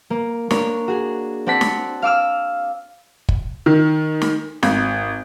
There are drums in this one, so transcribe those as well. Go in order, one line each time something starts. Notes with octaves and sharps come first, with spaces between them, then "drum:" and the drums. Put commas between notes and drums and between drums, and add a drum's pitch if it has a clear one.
A#3
A#3 D4 C#5, drum: snare
F#4 G#4
C4 D5 F#5 A5 B6 C#7
drum: snare
F5 D6 E6 F6
drum: kick
D#3
drum: snare
G#1, drum: snare